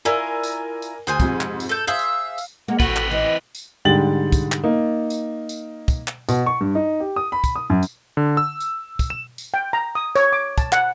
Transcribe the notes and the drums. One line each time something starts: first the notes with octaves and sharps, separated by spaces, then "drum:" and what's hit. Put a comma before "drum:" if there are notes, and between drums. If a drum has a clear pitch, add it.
E4 F4 A#4 D5 G#5
drum: tambourine
drum: tambourine
D2 G#4 C5 G#5
F2 G#2 C3, drum: kick, tambourine
drum: clap
drum: tambourine
A4 G6
G#4 C5 E5 F5
drum: tambourine
drum: tambourine
G#3 A#3 F#5
A1 C4 F#4 A4 B4, drum: kick, tambourine
drum: clap
E3 D#5
drum: tambourine
G#2 D3 G3 G5 A6 F#7
drum: kick, tambourine
drum: clap
A#3 D#4
drum: tambourine
drum: tambourine
drum: kick, tambourine
drum: clap
B2, drum: tambourine
C#6
G2
D#4
G4
D#6
B5
drum: kick, tambourine
D#6
F#2
drum: tambourine
D3
E6
drum: tambourine
drum: kick, tambourine
E7
drum: tambourine
G5
A#5
D#6
C#5, drum: tambourine
D6
A5, drum: kick, tambourine
F#5, drum: clap